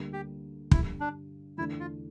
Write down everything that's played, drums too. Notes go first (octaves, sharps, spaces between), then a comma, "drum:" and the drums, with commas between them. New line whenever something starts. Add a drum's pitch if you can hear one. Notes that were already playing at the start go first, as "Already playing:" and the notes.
Already playing: D2 D3 G3 A#3
G4
G2 D3 G3 E4, drum: kick
D4
E2 D3 A3 D4 E4
F4